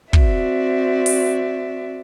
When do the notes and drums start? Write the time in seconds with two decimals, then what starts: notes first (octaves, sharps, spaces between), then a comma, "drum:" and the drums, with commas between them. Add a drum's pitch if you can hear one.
0.13 C4 F#4 D5 E5, drum: kick
1.06 drum: open hi-hat